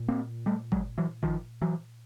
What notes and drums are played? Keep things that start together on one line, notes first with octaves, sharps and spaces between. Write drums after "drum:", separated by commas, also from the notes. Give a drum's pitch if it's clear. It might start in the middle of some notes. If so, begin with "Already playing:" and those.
Already playing: A#2
A#3 C4
G3 A3
F#3 G#3, drum: kick G1
E3 F#3
D#3 F3, drum: kick G1
E3 F#3